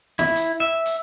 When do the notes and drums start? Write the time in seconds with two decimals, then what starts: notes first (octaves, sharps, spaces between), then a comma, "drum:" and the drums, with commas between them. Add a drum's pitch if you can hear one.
0.19 E4, drum: snare
0.36 drum: hi-hat
0.60 E5
0.86 drum: hi-hat